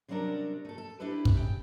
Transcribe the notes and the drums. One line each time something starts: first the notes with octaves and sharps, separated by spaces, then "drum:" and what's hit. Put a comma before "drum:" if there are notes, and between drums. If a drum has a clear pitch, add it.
C3 F#3 G3 C#4 D4 A#4
A3 A4
A4
D4 E4 G4 A4 B4
drum: kick
C#3 G5